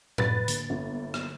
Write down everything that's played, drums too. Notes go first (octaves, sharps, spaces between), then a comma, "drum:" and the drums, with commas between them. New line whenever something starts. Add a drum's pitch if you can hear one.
F#2 B4 A6, drum: tom A2
D3 A#3, drum: hi-hat
G1
drum: rim click